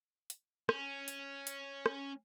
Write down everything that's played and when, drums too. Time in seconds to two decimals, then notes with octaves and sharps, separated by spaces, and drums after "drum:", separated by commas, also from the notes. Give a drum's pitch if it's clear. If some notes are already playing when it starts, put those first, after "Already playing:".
0.30 drum: hi-hat
0.69 C#4, drum: rim click
1.08 drum: hi-hat
1.47 drum: hi-hat
1.86 drum: rim click